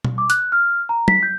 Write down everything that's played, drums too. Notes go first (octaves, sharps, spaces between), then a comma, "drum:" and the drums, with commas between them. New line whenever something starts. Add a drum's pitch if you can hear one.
drum: tom
D6
F#6, drum: hi-hat
F6
A#5
B6, drum: tom
G6